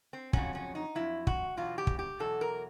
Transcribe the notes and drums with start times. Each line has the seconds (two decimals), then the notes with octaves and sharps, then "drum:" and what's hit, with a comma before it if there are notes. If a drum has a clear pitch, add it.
0.13 C4
0.33 F2 C#3 F#3 C#4, drum: kick
0.55 C#4
0.75 D#4
0.95 F2 C#3 F#3 E4
1.27 F#4, drum: kick
1.57 E2 B2 F#3 F4
1.78 G4
1.87 drum: kick
1.99 G4
2.19 E2 B2 F#3 A4
2.41 A#4